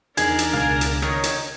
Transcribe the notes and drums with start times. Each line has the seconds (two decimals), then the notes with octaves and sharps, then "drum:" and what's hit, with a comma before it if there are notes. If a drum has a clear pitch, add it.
0.17 E2 D4 D#4 G#4 A#4, drum: hi-hat
0.39 drum: hi-hat
0.53 C#2 B2 G#3 F5 G#5
0.81 drum: hi-hat
1.02 D#3 D#4 C#5 G#6, drum: rim click
1.24 drum: hi-hat